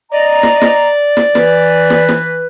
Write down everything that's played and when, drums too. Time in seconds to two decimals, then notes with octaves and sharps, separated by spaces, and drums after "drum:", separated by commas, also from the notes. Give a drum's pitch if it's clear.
0.12 D5 D#5 A#5
0.43 drum: snare
0.62 drum: snare
1.17 drum: snare
1.35 E3 B4, drum: snare
1.90 drum: snare
2.09 drum: snare